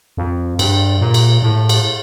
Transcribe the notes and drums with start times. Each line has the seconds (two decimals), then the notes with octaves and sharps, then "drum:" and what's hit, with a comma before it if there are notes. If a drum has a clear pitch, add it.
0.17 F2
0.59 G2, drum: cymbal
1.01 A#2
1.14 drum: cymbal
1.42 A2
1.69 drum: cymbal